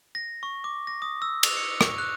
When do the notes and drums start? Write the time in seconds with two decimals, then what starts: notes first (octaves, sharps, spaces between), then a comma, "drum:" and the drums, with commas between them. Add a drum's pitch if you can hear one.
0.15 A#6
0.43 C#6
0.64 D6
0.87 A#6
1.02 D#6
1.22 E6
1.43 F7, drum: cymbal
1.57 C#7
1.81 C#6, drum: rim click
1.98 F#6